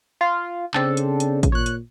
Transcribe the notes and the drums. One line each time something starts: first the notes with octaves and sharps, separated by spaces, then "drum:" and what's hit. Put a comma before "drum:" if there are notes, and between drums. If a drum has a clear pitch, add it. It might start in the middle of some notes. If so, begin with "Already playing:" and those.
F4 F5
C#3 C4 D4 A4, drum: clap
drum: hi-hat
drum: hi-hat
drum: kick A1, hi-hat
A#2 C#5 F#6
drum: hi-hat